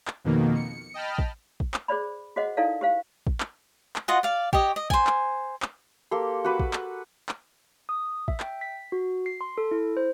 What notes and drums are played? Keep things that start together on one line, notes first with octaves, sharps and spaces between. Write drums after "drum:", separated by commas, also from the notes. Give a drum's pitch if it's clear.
drum: clap
F2 B2 D#3 A#3
C#7
D#5 G5 A5 B5 F6
drum: kick
drum: kick
drum: clap
G#4 C5 D5 B5
F#4 G#4 C5 D#5 F#5
D#4 E4 A4 A#4 D5 F5
G4 C5 F5
drum: kick
drum: clap
drum: clap
F4 F#4 D#5 F#5
D5 F5
G4 C#5 D#5, drum: kick
D#5
C5 G#5, drum: kick
drum: clap
drum: clap
A#3 G4 A4 C6
F#4 B4 D6
drum: kick
drum: clap
drum: clap
D#6
E5, drum: kick
G5, drum: clap
B6
F#4
C7
C6
A4
E4
C5